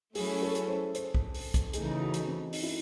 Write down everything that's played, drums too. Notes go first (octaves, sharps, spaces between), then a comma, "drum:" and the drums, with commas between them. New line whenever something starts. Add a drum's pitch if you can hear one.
F#3 A3 C#4 E4 G#4, drum: open hi-hat
A4
drum: hi-hat
C5
C5, drum: hi-hat
drum: kick
drum: open hi-hat
drum: kick, hi-hat
C#3 E3 A3 D#4 G#4, drum: hi-hat
F#4
drum: hi-hat
C4
D#4, drum: open hi-hat
E4